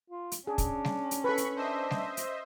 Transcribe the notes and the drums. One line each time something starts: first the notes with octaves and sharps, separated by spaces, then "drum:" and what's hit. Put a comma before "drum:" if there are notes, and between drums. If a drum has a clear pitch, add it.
F4
drum: hi-hat
C#4 D4 G#4
drum: kick, hi-hat
drum: snare
drum: hi-hat
A4 B4 B5 C#6
drum: hi-hat
D4 C5 D#5 E5
drum: snare
drum: hi-hat